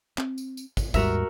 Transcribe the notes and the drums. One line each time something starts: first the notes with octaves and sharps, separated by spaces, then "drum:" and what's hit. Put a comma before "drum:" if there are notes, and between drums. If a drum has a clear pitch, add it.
C4, drum: clap
drum: tambourine
drum: tambourine
drum: kick, tambourine
D#2 G#2 G3 F#4 A#4 E5, drum: kick, tambourine